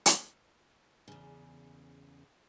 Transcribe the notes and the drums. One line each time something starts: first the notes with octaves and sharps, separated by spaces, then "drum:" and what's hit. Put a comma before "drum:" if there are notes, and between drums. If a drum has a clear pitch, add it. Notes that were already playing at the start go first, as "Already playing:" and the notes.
drum: hi-hat
E2 C#3